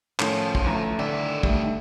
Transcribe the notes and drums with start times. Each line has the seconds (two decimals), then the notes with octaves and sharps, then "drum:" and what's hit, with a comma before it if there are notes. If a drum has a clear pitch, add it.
0.20 A2 D#3 F3 A3 C#4, drum: clap
0.55 drum: kick
0.64 D2 E3 A3 A#5
0.99 D3 D#3 E5
1.43 G3 A3, drum: kick